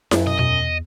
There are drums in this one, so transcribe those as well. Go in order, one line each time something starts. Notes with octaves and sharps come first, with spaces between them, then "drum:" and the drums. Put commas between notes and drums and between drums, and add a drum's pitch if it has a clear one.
F#2, drum: snare E4
B2 D#5
E2 B2 D#5